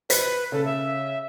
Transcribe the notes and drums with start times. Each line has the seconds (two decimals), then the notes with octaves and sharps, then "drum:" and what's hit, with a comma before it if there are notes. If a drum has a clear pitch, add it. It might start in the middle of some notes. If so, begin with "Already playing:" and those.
0.10 B4 C5 B6, drum: hi-hat
0.52 C#3 A4
0.65 E5